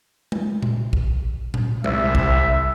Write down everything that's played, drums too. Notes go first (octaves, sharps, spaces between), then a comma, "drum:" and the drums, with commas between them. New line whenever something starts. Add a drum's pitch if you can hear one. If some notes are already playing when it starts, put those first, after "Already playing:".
drum: tom G#3
drum: tom A#2
drum: kick A#1
drum: tom A#2
C2 E5, drum: tom G#3
drum: kick A#1